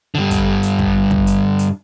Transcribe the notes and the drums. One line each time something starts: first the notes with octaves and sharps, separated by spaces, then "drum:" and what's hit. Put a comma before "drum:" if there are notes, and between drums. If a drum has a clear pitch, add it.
G2 D3
drum: kick, hi-hat
drum: hi-hat
drum: kick
drum: kick
drum: hi-hat
drum: hi-hat